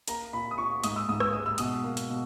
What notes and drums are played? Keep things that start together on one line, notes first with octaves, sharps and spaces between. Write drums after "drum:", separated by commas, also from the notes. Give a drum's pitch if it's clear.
A#3 A#5, drum: hi-hat
A#2 B5
D#6
A#2 C#6
G#2 D#6, drum: hi-hat
E6
G#2 D#6
E6, drum: rim click
G#3 D#6
E6
B2 D#6, drum: hi-hat
A#3
drum: hi-hat
B2